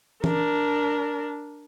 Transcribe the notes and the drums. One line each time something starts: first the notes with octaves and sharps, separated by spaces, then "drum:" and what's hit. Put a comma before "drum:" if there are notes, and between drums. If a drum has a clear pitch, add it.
D4 A#4, drum: tom E3